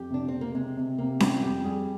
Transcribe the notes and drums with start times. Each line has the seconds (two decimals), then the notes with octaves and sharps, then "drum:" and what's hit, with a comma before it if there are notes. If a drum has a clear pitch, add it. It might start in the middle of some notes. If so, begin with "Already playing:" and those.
Already playing: F2 G4
0.10 C3 D4
0.28 C4
0.34 C3
0.41 A#3
0.54 C3 G#3
0.77 C3
0.98 C3 A#3
1.20 G3 G4, drum: snare C#4
1.43 F2 G4
1.64 G3 G#4